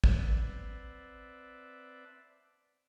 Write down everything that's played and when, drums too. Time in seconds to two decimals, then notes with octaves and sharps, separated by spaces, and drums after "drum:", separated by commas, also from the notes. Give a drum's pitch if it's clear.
0.04 C4 B4 D5 E5 F#5 A5, drum: kick